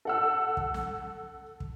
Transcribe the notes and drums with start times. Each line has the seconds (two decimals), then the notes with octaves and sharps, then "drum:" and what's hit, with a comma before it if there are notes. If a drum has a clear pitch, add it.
0.05 A4 F#5 E6
0.57 drum: kick
0.74 drum: snare
1.60 drum: kick